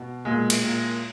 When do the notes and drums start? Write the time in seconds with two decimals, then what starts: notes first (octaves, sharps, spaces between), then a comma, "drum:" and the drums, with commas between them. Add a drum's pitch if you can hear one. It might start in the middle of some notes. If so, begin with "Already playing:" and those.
Already playing: B2
0.25 A#2 G#3
0.50 drum: cymbal
0.62 A#2